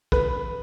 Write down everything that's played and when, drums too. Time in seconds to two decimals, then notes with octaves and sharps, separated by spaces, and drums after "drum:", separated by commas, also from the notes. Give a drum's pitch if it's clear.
0.12 B4, drum: kick